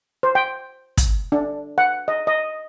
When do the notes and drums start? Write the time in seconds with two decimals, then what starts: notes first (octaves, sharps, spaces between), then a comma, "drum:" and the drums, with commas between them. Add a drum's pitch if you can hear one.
0.23 C5
0.35 G5
0.97 drum: kick, hi-hat
1.32 D4
1.78 F#5
2.08 D#5
2.27 D#5